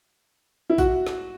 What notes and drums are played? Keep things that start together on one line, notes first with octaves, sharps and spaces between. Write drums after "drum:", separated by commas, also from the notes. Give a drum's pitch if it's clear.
E4
F#4, drum: kick A1, tambourine
drum: snare